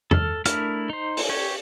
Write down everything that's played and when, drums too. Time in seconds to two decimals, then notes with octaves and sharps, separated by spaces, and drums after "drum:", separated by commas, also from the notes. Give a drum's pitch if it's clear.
0.11 A4 F6, drum: tom E2
0.46 A3 D4 E4 A#4 F6, drum: hi-hat
0.89 D#4 C5
1.17 drum: open hi-hat
1.29 G4 C#5